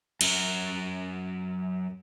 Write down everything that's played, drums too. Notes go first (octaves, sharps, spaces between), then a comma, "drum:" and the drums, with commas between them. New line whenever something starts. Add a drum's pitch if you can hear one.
F#2 F#3 A#4, drum: cymbal